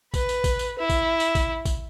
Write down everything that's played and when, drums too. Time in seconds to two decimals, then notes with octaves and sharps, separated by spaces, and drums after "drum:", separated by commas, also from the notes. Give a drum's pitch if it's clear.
0.14 B4, drum: kick A1, tambourine
0.29 drum: tambourine
0.44 drum: kick A1, tambourine
0.59 drum: tambourine
0.79 E4
0.90 drum: kick A1, tambourine
1.20 drum: tambourine
1.35 drum: kick A1, tambourine
1.65 drum: kick A1, tambourine